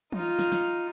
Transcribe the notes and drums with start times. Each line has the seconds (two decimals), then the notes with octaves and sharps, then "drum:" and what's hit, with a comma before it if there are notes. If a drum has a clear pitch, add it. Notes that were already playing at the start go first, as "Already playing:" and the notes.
0.12 D#4 F4, drum: tom E3
0.39 drum: snare
0.52 drum: snare